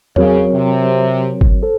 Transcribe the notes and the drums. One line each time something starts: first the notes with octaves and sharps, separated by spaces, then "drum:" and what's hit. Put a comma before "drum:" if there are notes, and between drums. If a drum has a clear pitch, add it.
C#3 F#3 C4 F#4 A#4 C#5, drum: tom E2
C3
drum: kick G1
A4 C5